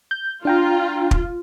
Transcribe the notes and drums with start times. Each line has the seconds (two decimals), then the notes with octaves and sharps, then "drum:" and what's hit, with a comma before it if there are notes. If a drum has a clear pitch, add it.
0.11 G6
0.45 D4 F4 G5 A#5
1.11 drum: kick